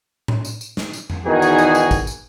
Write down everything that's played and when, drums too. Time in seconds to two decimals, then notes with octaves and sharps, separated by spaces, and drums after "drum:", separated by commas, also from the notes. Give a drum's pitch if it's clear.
0.28 drum: tom A2
0.45 drum: tambourine
0.61 drum: tambourine
0.77 drum: snare
0.93 drum: tambourine
1.10 drum: tom F2
1.26 E2 B2 D#3 D#4 F#4 G#4
1.42 drum: tambourine
1.58 drum: tambourine
1.75 drum: tambourine
1.91 drum: kick A1, tambourine
2.07 drum: tambourine